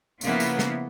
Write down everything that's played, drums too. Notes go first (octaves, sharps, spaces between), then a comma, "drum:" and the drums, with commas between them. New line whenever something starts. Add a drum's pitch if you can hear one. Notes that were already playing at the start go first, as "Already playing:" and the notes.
C#3 F3 A#3 B3 E4, drum: tambourine
drum: tambourine
drum: snare